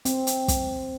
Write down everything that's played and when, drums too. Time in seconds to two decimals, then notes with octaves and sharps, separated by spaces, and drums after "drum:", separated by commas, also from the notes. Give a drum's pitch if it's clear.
0.05 C4, drum: hi-hat
0.27 drum: hi-hat
0.48 drum: kick, hi-hat